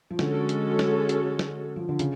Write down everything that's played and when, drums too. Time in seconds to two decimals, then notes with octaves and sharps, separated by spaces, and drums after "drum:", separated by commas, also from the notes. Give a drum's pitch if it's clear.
0.11 F3
0.19 D3 G#3 C#4 F#4 A4, drum: snare
0.49 drum: hi-hat
0.79 drum: snare
1.09 drum: hi-hat
1.39 drum: snare
1.76 F3
1.89 D3
1.99 C#3, drum: hi-hat